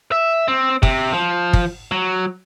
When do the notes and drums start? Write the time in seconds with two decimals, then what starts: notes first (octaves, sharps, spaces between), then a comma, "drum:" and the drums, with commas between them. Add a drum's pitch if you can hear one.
0.12 E5
0.48 C4
0.83 C3, drum: kick
1.13 F3
1.53 drum: kick
1.91 F#3